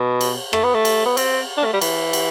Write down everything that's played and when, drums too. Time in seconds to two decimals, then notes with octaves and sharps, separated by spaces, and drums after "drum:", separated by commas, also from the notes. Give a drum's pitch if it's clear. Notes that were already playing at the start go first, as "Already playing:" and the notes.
Already playing: B2
0.21 drum: cymbal
0.53 A3, drum: rim click
0.64 B3
0.74 A3
0.85 drum: cymbal
1.06 B3
1.17 C4, drum: cymbal
1.57 D4
1.65 A3
1.73 G3
1.81 E3, drum: cymbal
2.13 drum: cymbal